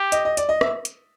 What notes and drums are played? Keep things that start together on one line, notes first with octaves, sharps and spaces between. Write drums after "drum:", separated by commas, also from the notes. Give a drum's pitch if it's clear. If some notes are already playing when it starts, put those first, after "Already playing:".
Already playing: G4
D#5, drum: hi-hat
D#5
D5, drum: hi-hat
D#5
E5, drum: rim click
drum: hi-hat